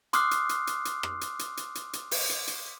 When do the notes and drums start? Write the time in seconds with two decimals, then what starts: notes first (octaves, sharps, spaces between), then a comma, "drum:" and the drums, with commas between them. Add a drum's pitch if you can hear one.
0.13 C6 D6 D#6 F6 F#6 C7, drum: hi-hat
0.31 drum: hi-hat
0.49 drum: hi-hat
0.67 drum: hi-hat
0.85 drum: hi-hat
1.03 drum: rim click
1.21 drum: hi-hat
1.39 drum: hi-hat
1.57 drum: hi-hat
1.75 drum: hi-hat
1.93 drum: hi-hat
2.11 drum: open hi-hat
2.29 drum: hi-hat
2.47 drum: hi-hat